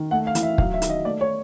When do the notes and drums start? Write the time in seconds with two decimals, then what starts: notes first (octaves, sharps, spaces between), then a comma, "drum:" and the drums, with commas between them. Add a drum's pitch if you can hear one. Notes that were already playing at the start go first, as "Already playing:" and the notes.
Already playing: D#3
0.11 A3 F#5
0.27 F5
0.35 E3, drum: hi-hat
0.43 E5
0.58 F#3 F5, drum: kick
0.74 E5
0.82 D#3, drum: hi-hat
0.90 D#5
1.05 A3 D5
1.21 C#5